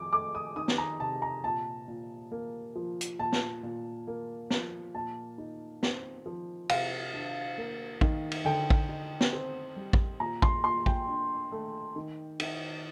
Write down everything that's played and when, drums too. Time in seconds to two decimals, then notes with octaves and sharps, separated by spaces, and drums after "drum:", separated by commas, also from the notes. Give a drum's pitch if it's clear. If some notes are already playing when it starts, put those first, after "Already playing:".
Already playing: F2 D6
0.13 A3 D6
0.35 D#6
0.56 D#3 D#6
0.68 drum: snare
0.78 A#5
1.00 C3 A5
1.22 A#5
1.44 A#2 A5
1.88 A#2
2.31 A#3
2.75 F3
3.01 drum: hi-hat
3.19 A#2 A5
3.32 drum: snare
3.63 A#2
4.07 A#3
4.50 F3, drum: snare
4.95 A#2 A5
5.38 D#4
5.83 C4, drum: snare
6.26 F3
6.69 C3 F5, drum: cymbal
7.14 D4
7.58 A#3
8.01 D#3, drum: kick A1
8.32 drum: cymbal
8.45 D3 G5
8.70 drum: kick A1
8.89 D#4
9.21 drum: snare
9.33 C4
9.76 G3
9.93 drum: kick A1
10.20 A#2 A#5
10.42 C6, drum: kick A1
10.64 A#2 C6
10.86 G5, drum: kick A1
11.08 D4
11.52 A3
11.96 D#3
12.40 D#3, drum: cymbal